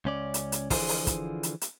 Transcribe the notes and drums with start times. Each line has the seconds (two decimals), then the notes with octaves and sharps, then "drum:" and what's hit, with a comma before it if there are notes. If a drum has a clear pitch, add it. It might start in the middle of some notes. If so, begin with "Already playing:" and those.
0.05 C#2 C#4 D5
0.34 drum: hi-hat
0.52 drum: hi-hat
0.70 D3 E3 F3 F4 G#4 C5, drum: kick, open hi-hat
0.89 drum: open hi-hat
1.07 drum: kick, hi-hat
1.43 drum: hi-hat
1.61 drum: hi-hat